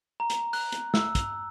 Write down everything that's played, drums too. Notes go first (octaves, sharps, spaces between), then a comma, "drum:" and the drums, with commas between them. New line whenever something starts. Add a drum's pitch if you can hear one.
A#5
drum: hi-hat
F#6, drum: open hi-hat
drum: hi-hat
E6, drum: snare
drum: kick, hi-hat